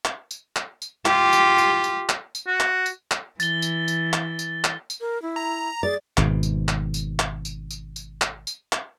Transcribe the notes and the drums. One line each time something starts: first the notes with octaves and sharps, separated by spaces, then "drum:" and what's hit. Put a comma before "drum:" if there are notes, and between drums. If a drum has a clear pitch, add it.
drum: clap
drum: tambourine
drum: clap
drum: tambourine
F4 G4, drum: clap
drum: tambourine
drum: tambourine
drum: tambourine
drum: clap
drum: tambourine
F#4
drum: clap
drum: tambourine
drum: clap
E3 A6 G7, drum: tambourine
drum: tambourine
drum: tambourine
drum: clap
drum: tambourine
drum: clap
drum: tambourine
A#4
E4
A#5
G#4 D5 A6
G#1 G#2 B2, drum: clap
drum: tambourine
drum: clap
drum: tambourine
drum: clap
drum: tambourine
drum: tambourine
drum: tambourine
drum: clap
drum: tambourine
drum: clap